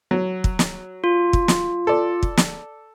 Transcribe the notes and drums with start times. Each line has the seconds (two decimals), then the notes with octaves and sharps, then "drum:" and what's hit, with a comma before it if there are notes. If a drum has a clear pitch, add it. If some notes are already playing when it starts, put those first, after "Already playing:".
0.11 F#3
0.44 drum: kick
0.59 drum: snare
1.04 F4
1.33 drum: kick
1.48 drum: snare
1.87 A4 D5
2.23 drum: kick
2.37 drum: snare